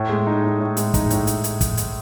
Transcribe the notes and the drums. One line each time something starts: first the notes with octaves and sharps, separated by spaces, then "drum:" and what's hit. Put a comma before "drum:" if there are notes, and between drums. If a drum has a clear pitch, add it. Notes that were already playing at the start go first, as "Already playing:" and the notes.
Already playing: A2
G#3
D#4
A2
A2
G#3, drum: hi-hat
D#4, drum: kick, hi-hat
A2, drum: hi-hat
drum: hi-hat
drum: hi-hat
drum: kick, hi-hat
drum: hi-hat